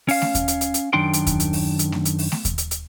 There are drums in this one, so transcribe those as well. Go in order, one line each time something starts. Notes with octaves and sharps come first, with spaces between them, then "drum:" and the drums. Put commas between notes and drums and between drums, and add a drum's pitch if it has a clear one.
C#4 F5, drum: open hi-hat
drum: snare A3
drum: kick D#2, hi-hat
drum: hi-hat
drum: hi-hat
drum: hi-hat
F#2 D#3 D4 G5 C6
drum: hi-hat
drum: kick D#2, hi-hat
drum: hi-hat
drum: open hi-hat
drum: hi-hat
drum: snare A3
drum: hi-hat
drum: open hi-hat
drum: snare A3
drum: kick D#2, hi-hat
drum: hi-hat
drum: hi-hat